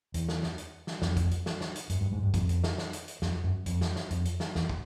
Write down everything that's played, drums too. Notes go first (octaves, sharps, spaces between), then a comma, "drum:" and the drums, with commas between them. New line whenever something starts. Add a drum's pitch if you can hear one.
E2, drum: hi-hat
drum: snare
drum: snare
drum: hi-hat
drum: snare
F2, drum: snare
drum: kick, hi-hat
drum: hi-hat
drum: snare
drum: snare
drum: hi-hat
F#2, drum: hi-hat
G2
G#2
G2
F2, drum: kick, hi-hat
drum: hi-hat
drum: snare
drum: snare
drum: hi-hat
drum: hi-hat
F2, drum: snare
F#2
F2, drum: hi-hat
drum: snare
drum: snare
F2, drum: hi-hat
drum: hi-hat
drum: snare
E2, drum: snare
drum: kick